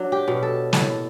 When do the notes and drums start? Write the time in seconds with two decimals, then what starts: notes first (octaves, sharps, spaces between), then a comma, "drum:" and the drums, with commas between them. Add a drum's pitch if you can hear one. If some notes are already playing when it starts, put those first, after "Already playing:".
Already playing: F#3 D4
0.12 G4
0.28 B2
0.43 A4
0.73 A2 A4, drum: snare